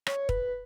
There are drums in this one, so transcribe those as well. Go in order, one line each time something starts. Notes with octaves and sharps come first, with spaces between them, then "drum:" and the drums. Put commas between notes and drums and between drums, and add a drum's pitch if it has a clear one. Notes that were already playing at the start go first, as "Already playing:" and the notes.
C#5, drum: rim click
B4, drum: kick